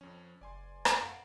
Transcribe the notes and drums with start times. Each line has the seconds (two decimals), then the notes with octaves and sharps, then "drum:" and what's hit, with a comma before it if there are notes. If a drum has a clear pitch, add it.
0.01 F2 F3 C#4
0.41 F#1 D5 G#5 C6
0.85 drum: rim click
1.02 F#2 F5 F#5 D7